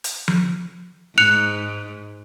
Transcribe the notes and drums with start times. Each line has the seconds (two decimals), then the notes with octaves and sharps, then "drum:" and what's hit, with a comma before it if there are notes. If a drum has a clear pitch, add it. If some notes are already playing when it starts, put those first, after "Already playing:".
0.04 drum: hi-hat
0.28 drum: tom F3
1.18 G#2 F#6 C#7 F7